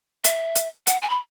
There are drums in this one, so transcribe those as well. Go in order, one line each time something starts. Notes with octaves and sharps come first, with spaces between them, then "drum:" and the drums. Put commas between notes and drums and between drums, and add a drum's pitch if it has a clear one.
E5, drum: hi-hat
drum: hi-hat
F#5, drum: hi-hat
G#5
B5